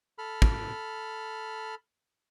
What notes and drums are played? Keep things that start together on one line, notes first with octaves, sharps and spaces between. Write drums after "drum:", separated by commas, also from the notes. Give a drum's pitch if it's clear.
A4 B5 F6
drum: kick